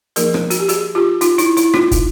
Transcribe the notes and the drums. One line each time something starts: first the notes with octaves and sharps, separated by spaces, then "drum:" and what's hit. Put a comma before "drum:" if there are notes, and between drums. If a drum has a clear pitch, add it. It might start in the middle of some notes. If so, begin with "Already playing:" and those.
F3 A#3 D#4 G#4 A#4, drum: hi-hat
drum: rim click
F#4, drum: hi-hat
G4
F#4 G#4, drum: hi-hat
F4 G4
D#4 F4, drum: hi-hat
E4, drum: hi-hat
E4, drum: hi-hat
D#4 F4, drum: rim click
drum: kick, hi-hat